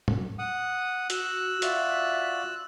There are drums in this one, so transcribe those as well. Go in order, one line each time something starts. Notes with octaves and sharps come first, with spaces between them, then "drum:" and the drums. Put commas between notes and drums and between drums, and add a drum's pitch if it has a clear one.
drum: tom
F#5 D#6
F#4 E6 F#6, drum: hi-hat
F4 F#4 D5 E5, drum: hi-hat